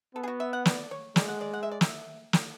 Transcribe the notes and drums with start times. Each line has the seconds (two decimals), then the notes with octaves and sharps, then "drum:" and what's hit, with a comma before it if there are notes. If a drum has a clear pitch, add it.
0.15 B3 A4
0.23 G#4
0.28 F#4
0.40 E5
0.53 F#5
0.65 D5, drum: snare
0.91 C#5
1.16 G#3 D5, drum: snare
1.28 F#5
1.41 D5
1.53 F#5
1.63 E5
1.71 D5
1.81 E5, drum: snare
2.33 drum: snare